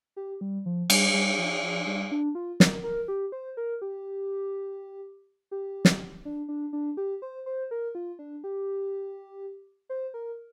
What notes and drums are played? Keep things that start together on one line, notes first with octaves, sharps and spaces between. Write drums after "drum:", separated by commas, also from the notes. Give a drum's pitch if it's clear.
G4
G3
F3
G3, drum: cymbal
G3
F3
F3
G3
D4
F4
A#4, drum: snare
A#4
G4
C5
A#4
G4
G4
drum: snare
D4
D4
D4
G4
C5
C5
A#4
F4
D4
G4
C5
A#4